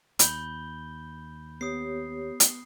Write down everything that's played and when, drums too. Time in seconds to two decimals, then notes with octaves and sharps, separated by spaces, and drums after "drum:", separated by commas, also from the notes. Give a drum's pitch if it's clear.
0.19 D#2 B5 G6 G7, drum: hi-hat
1.61 B3 G4 C#5 D#6 C7
2.40 drum: hi-hat